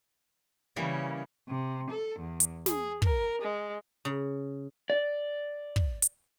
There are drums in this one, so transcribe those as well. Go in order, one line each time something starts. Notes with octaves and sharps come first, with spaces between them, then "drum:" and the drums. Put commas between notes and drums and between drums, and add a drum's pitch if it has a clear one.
C#3 E3 G3 A#3 C#4
C3
A4
E2
drum: hi-hat
G#4, drum: snare
A#4, drum: kick
G#3
C#3
D5
drum: kick
drum: hi-hat